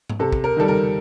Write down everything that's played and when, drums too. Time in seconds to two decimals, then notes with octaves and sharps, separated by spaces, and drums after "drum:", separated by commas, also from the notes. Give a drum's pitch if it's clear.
0.09 drum: tom G#2
0.19 C3 A4
0.33 drum: kick
0.44 A#4
0.57 D#3 G3 A4
0.68 A#4